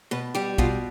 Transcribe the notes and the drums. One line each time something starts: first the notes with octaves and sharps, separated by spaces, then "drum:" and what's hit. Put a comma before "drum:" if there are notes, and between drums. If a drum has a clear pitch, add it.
B2 B4
G3 G4
B2 F4, drum: kick A#1